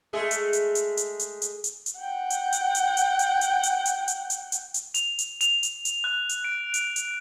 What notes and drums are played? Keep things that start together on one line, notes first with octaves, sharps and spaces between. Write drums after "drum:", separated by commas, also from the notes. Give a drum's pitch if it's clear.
G#3 A3 G#4
drum: hi-hat
drum: hi-hat
drum: hi-hat
drum: hi-hat
drum: hi-hat
drum: hi-hat
drum: hi-hat
drum: hi-hat
F#5 G5
drum: hi-hat
drum: hi-hat
drum: hi-hat
drum: hi-hat
drum: hi-hat
drum: hi-hat
drum: hi-hat
drum: hi-hat
drum: hi-hat
drum: hi-hat
drum: hi-hat
drum: hi-hat
F7, drum: hi-hat
drum: hi-hat
F7, drum: hi-hat
drum: hi-hat
drum: hi-hat
F#6
drum: hi-hat
D7
drum: hi-hat
drum: hi-hat